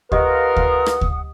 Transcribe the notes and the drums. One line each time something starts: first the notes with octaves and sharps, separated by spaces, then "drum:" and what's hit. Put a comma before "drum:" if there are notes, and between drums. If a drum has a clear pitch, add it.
F4 G4 A#4 B4 D#5 F#5 D#6, drum: kick D2
drum: kick D2
drum: rim click
drum: kick D2